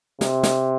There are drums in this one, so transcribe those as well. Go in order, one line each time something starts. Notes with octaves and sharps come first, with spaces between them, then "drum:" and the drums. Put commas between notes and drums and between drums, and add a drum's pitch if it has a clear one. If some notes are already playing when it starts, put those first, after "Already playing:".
C3, drum: snare
drum: snare